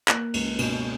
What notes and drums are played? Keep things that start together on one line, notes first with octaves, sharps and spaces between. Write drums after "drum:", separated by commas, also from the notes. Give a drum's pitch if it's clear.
A#3 F#6, drum: clap
C#2, drum: cymbal
B2, drum: cymbal